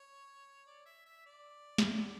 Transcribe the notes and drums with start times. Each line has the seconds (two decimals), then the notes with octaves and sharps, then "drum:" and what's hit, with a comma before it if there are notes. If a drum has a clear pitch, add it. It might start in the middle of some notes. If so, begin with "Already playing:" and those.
Already playing: C#5
0.67 D5
0.86 E5
1.06 E5
1.26 D5
1.78 drum: snare